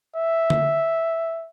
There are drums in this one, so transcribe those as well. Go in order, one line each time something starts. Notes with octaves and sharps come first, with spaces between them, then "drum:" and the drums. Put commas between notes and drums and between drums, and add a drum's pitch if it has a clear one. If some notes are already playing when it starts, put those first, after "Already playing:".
E5
drum: tom D3